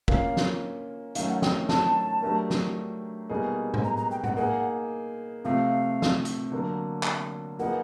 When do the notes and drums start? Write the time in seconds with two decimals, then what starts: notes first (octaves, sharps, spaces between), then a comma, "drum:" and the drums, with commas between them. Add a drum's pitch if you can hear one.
0.08 A#3 C#4 F4 F5, drum: kick
0.37 drum: snare
1.15 D#3 F#3 A3 C#4 F5, drum: hi-hat
1.29 F#5
1.42 G5, drum: snare
1.69 A5, drum: snare
2.22 F#3 A3 D4 G4 A#4
2.50 drum: snare
3.30 B2 G3 A#3 D#4 G#4
3.74 drum: tom A2
3.84 A#5
3.97 A#5
4.11 G5
4.24 F#5, drum: tom A2
4.37 A#3 D#4 G#4 F#5
5.45 C3 F3 A3 C4 F5
6.02 drum: snare
6.25 drum: hi-hat
6.52 D3 F#3 A#3
7.03 drum: clap
7.59 F3 A#3 D#4 G#4 B4 F#5